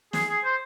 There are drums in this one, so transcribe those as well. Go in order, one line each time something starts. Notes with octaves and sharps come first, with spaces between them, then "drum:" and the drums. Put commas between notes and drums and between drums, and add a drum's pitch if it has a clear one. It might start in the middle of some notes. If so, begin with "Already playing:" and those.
G#4, drum: snare
G#4
C5